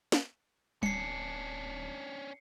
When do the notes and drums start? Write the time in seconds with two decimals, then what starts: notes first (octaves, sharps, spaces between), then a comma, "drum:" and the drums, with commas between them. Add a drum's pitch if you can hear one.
0.12 drum: snare
0.83 D1 C#4 D4 C7 C#7, drum: tom G3